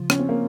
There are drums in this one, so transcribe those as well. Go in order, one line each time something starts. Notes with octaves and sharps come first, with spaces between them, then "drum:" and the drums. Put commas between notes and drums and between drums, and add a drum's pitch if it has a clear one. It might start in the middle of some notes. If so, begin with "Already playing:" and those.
Already playing: C#3 F3 F4
C#4, drum: rim click
C4
A#3